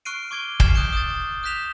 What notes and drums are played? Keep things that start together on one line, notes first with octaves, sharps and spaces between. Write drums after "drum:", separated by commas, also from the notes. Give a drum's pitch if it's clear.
C#6 F6 F#6 C7 D7 D#7
C#6 D6 G#6 D7 G7
F6 G#6 C7 E7, drum: kick
D#6 F#6 G6 D7 G7
D#6 G6 A6
D#6 F#6 G6 B6 E7 F7